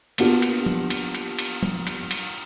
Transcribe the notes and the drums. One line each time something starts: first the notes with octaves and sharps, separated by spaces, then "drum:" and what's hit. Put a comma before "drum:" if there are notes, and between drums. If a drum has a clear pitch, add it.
A#3 B3 D4 F4 G4, drum: cymbal
drum: cymbal
drum: tom
drum: cymbal
drum: cymbal
drum: cymbal
drum: tom
drum: cymbal
drum: cymbal